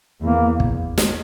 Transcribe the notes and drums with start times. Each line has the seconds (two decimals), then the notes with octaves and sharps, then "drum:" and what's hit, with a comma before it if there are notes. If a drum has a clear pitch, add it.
0.22 E2 A#3
0.60 drum: kick
0.98 drum: snare